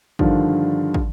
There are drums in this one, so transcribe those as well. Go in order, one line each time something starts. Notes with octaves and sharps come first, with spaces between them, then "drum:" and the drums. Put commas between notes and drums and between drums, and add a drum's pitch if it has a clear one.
G2 D3 D#3 F3, drum: kick
drum: kick